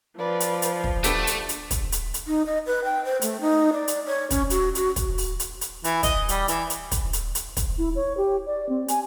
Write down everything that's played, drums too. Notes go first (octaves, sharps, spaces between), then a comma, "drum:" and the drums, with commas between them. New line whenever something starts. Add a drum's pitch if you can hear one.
F3 B4 D5
drum: hi-hat
drum: hi-hat
drum: kick
A3 B3 D4 G4 A4, drum: hi-hat
drum: hi-hat
drum: hi-hat
drum: kick, hi-hat
drum: hi-hat
drum: hi-hat
D#4
D#5
B4
G5
C5
A3, drum: hi-hat
D#4
D5
drum: hi-hat
C#5
C#4, drum: kick, hi-hat
F#4, drum: hi-hat
F#4, drum: hi-hat
drum: kick, hi-hat
drum: open hi-hat
drum: hi-hat
drum: hi-hat
E3, drum: hi-hat
D#5, drum: kick, hi-hat
G3, drum: hi-hat
E3, drum: hi-hat
drum: hi-hat
drum: kick, hi-hat
drum: hi-hat
drum: hi-hat
drum: kick, hi-hat
E4
C#5
G4
D5
C4
G#5, drum: hi-hat